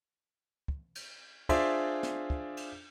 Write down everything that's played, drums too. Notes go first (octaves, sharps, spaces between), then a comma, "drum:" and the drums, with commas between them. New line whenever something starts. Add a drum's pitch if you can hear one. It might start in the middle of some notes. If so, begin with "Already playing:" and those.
drum: kick
drum: cymbal
D4 F4 G#4 C5 D5 E5, drum: kick, cymbal
drum: snare
drum: kick
drum: cymbal